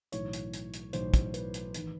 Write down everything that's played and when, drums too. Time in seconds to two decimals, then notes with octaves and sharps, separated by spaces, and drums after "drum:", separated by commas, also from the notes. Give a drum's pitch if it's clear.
0.12 B1 A2 E3 C#5, drum: hi-hat
0.33 drum: hi-hat
0.53 drum: hi-hat
0.73 drum: hi-hat
0.93 B1 A2 E3 C5, drum: hi-hat
1.14 drum: kick, hi-hat
1.34 B4, drum: hi-hat
1.54 drum: hi-hat
1.74 A1 D#3, drum: hi-hat